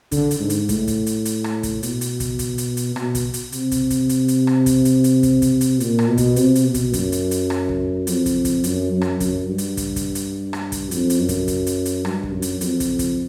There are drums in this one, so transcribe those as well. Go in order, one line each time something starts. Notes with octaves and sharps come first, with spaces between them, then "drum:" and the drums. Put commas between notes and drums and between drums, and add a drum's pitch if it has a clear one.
D3, drum: kick, hi-hat
drum: hi-hat
G#2
drum: hi-hat
A2, drum: kick, hi-hat
drum: kick, hi-hat
drum: hi-hat
drum: hi-hat
drum: rim click
drum: kick, hi-hat
B2, drum: hi-hat
drum: hi-hat
drum: kick, hi-hat
drum: kick, hi-hat
drum: hi-hat
drum: hi-hat
B2, drum: rim click
drum: kick, hi-hat
drum: hi-hat
C3, drum: hi-hat
drum: kick, hi-hat
drum: kick, hi-hat
drum: hi-hat
drum: hi-hat
drum: rim click
drum: kick, hi-hat
drum: hi-hat
drum: hi-hat
drum: kick, hi-hat
drum: kick, hi-hat
drum: hi-hat
A#2, drum: hi-hat
drum: rim click
B2
drum: kick, hi-hat
C3, drum: hi-hat
drum: hi-hat
B2
drum: kick, hi-hat
F#2, drum: kick, hi-hat
drum: hi-hat
drum: hi-hat
drum: rim click
drum: kick
F2, drum: hi-hat
drum: kick, hi-hat
drum: kick, hi-hat
F#2, drum: hi-hat
F#2
drum: rim click
F#2, drum: kick, hi-hat
G2
drum: hi-hat
drum: kick, hi-hat
drum: kick, hi-hat
drum: hi-hat
drum: rim click
drum: kick, hi-hat
F2, drum: hi-hat
drum: hi-hat
F#2
drum: kick, hi-hat
drum: kick, hi-hat
drum: hi-hat
drum: hi-hat
G2, drum: rim click
drum: kick
F#2
drum: hi-hat
F2, drum: hi-hat
drum: kick, hi-hat
drum: kick, hi-hat